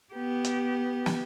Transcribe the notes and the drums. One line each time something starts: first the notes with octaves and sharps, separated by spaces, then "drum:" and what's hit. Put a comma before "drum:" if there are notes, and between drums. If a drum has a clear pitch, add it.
B3 G4
drum: hi-hat
drum: snare